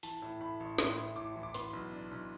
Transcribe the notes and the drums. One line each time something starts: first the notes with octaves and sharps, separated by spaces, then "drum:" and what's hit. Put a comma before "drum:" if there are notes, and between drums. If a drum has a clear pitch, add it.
E3 A5, drum: open hi-hat
A2
A2 B5
A1
A2 C6, drum: snare
A2
A2 D6
E3
D6
B3 C6, drum: open hi-hat
B1
D4
B1